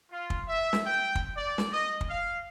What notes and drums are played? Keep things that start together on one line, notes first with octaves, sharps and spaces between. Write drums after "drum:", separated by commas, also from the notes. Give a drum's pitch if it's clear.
F4
drum: kick
E5
drum: snare
G5
drum: kick
D5
drum: snare
D#5
drum: kick
F5